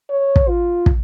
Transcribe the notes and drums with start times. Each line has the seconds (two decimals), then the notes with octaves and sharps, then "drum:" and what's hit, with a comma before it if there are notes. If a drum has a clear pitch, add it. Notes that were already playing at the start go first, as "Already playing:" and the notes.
0.10 C#5
0.36 drum: kick
0.48 F4
0.86 drum: kick